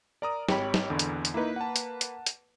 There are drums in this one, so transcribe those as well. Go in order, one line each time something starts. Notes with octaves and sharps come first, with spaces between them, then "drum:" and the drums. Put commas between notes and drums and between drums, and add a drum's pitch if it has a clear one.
A#4 D5 A#5 D#6
G#1 G4 C#5 G5 B5, drum: snare
drum: snare
E2 D3
drum: hi-hat
drum: hi-hat
A#3 D#4 E4 B4
F#5 A5
drum: hi-hat
drum: hi-hat
drum: hi-hat